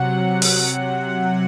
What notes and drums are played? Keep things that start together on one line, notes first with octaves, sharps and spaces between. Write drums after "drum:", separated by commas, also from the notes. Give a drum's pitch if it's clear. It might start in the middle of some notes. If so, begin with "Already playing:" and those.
Already playing: C3 F#3 F#5
drum: open hi-hat